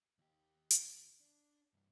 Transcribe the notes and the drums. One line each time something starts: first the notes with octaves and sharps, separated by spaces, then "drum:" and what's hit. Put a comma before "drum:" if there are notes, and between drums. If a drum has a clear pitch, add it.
D#2 G4
drum: hi-hat
D4
C2 G2